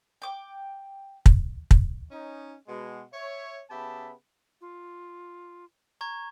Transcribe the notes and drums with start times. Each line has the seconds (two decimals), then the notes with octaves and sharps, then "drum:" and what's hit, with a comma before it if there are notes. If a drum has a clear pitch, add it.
0.22 G5 D6
1.26 drum: kick
1.71 drum: kick
2.11 C#4 D#4
2.68 B2 G#3
3.13 C#5 E5
3.70 C#3 B3 G4 E5 A5 B5
4.61 F4
6.01 A#5 C#6 G#6